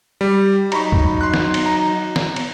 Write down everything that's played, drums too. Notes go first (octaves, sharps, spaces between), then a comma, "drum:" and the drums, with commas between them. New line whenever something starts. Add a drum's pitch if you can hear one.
G3
F#3 D#4 A#5 B5 C#6, drum: cymbal
drum: kick C#2
C6 F#6
drum: snare
drum: cymbal
A#5
drum: snare
drum: cymbal